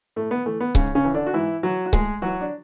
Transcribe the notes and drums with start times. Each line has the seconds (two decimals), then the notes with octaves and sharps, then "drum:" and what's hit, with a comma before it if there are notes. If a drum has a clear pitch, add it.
0.16 A2 A3
0.31 B3
0.46 E3 A3
0.60 B3
0.75 G#2 C#3 C#4, drum: kick C#1
0.95 C#3 C#4
1.05 E3
1.14 D3 D4
1.26 F#4
1.34 G#2 E3 E4
1.63 E3 F#3 F#4
1.86 F#4
1.93 A2 G#3 G#4, drum: kick C#1
2.22 E3 F#3 F#4
2.41 D4